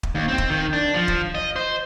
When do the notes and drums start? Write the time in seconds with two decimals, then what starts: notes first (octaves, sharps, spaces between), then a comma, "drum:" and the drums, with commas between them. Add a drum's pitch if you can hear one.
0.03 drum: kick
0.15 D#2
0.28 C4
0.38 drum: kick
0.50 D#3
0.73 D4
0.94 F3
1.08 drum: kick
1.35 D#5
1.56 C5